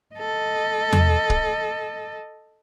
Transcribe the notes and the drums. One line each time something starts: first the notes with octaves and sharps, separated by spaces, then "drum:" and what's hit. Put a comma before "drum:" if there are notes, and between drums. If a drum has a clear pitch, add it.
A4 D#5
drum: tom E2
drum: kick